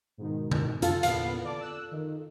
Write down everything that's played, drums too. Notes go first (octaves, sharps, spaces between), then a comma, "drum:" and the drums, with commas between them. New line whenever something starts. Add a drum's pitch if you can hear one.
G#2 B2 D#3
drum: tom D3
F4 A4, drum: hi-hat
E2 A#2 B3 F5, drum: hi-hat
D5 A5 D6
E6 F#6
D#3